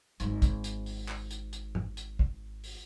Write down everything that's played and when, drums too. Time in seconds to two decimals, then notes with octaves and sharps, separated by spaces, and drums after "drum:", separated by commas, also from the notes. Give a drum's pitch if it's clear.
0.20 G#1 G#3, drum: hi-hat
0.42 drum: kick, hi-hat
0.64 drum: hi-hat
0.86 drum: open hi-hat
1.08 drum: clap
1.31 drum: hi-hat
1.53 drum: hi-hat
1.75 drum: tom G#2
1.97 drum: hi-hat
2.19 drum: kick
2.64 drum: open hi-hat